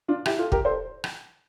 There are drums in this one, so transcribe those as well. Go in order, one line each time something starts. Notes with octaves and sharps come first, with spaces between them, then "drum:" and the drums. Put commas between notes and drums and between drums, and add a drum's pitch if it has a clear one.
D4 F4
E4 G4, drum: rim click
F4 A4
G4 A#4, drum: kick
A4 C5
drum: rim click